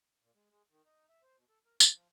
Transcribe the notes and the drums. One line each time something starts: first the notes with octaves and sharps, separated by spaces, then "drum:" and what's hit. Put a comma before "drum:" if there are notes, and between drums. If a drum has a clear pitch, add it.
A#2
G#3
G#3
D#3
D#4
E5
C5
B2
A4
A#4
D#4, drum: tambourine
F3